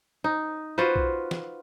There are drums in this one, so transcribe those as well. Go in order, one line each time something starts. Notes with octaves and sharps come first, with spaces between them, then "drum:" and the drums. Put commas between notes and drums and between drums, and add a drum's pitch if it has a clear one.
D#4
F4 F#4 B4 C5
drum: kick
drum: snare